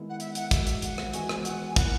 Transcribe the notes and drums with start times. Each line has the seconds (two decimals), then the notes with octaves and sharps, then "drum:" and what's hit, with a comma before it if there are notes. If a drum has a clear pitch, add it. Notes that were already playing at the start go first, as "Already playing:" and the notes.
Already playing: D#3 G#3 B3 E4
0.09 F#5
0.20 E5, drum: hi-hat
0.35 F#5, drum: hi-hat
0.51 D#3 G#3 D#4 F#4 E5, drum: kick, hi-hat
0.67 drum: hi-hat
0.82 F#5, drum: hi-hat
0.98 drum: rim click
1.13 E3 G#3 B3 F#4 G#5, drum: hi-hat
1.29 drum: rim click
1.45 F#5, drum: hi-hat
1.69 G#5
1.76 D#3 A#3 E4 F#5, drum: kick, hi-hat